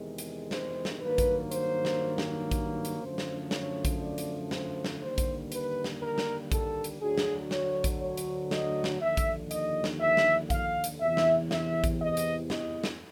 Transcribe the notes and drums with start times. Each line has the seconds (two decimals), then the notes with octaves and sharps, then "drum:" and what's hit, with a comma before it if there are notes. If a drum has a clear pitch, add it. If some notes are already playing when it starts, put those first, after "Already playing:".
Already playing: E2 C3 D#3 G#3
0.18 drum: hi-hat
0.51 C5, drum: snare
0.85 drum: snare
1.01 G2 D#3 F#3 A#3 B4
1.18 drum: kick A#1, hi-hat
1.51 C5, drum: hi-hat
1.85 drum: snare
2.18 drum: snare
2.51 drum: kick A#1, hi-hat
2.85 drum: hi-hat
3.01 F#2 D3 F3 A3 C5
3.18 drum: snare
3.51 C#5, drum: snare
3.85 drum: kick A#1, hi-hat
4.01 D5
4.18 drum: hi-hat
4.51 C5, drum: snare
4.85 drum: snare
5.01 D#2 D3 G3 A#3 C5
5.18 drum: kick A#1, hi-hat
5.52 B4, drum: hi-hat
5.84 drum: snare
6.01 A#4
6.18 drum: snare
6.52 A4, drum: kick A#1, hi-hat
6.84 drum: hi-hat
7.00 D2 D3 F#3 G#4
7.18 drum: snare
7.51 C#5, drum: snare
7.84 drum: kick A#1, hi-hat
8.00 C#5
8.17 drum: hi-hat
8.51 D#5, drum: snare
8.84 drum: snare
9.01 D#2 D3 F3 E5
9.17 drum: kick A#1, hi-hat
9.51 D#5, drum: hi-hat
9.84 drum: snare
10.00 E5
10.17 drum: snare
10.50 F5, drum: kick A#1, hi-hat
10.84 drum: hi-hat
11.01 E2 C3 E3 E5
11.17 drum: snare
11.51 E5, drum: snare
11.84 drum: kick A#1, hi-hat
12.01 D#5
12.17 drum: hi-hat
12.50 D#5, drum: snare
12.84 drum: snare